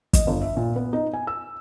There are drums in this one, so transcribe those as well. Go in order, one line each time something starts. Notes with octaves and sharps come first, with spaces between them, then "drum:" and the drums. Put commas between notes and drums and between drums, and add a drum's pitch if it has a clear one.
D#5, drum: kick, hi-hat
G1
E5
A#2
B3
D#4
G#5
E6